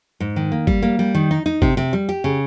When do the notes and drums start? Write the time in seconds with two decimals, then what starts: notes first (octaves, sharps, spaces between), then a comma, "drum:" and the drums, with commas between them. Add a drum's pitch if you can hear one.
0.20 G#2
0.36 D#3
0.52 A#3
0.67 G3, drum: kick
0.82 A#3
0.99 G3
1.15 D#3
1.31 D#4
1.46 D#4
1.62 C3, drum: kick
1.77 C3
1.93 G3
2.09 G4
2.24 C#3